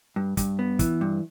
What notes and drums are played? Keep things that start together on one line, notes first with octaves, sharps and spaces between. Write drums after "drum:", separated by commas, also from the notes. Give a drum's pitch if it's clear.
G2
G2, drum: kick, hi-hat
B3
E3, drum: kick, hi-hat
G2